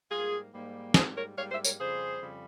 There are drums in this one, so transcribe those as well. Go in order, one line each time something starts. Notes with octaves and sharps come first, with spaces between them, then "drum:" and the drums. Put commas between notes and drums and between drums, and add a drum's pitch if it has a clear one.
G#2 G3 A#3 F4 G#4
G#2 G3 A#3
G#2 G3 A#3 G#4 C5, drum: snare
A#4 C#5
G#2 G3 A#3 C#5 F5
C5 E5
A#4 C#5, drum: tambourine
F2 C#3 G3 G#4 C5
F2 C#3 G3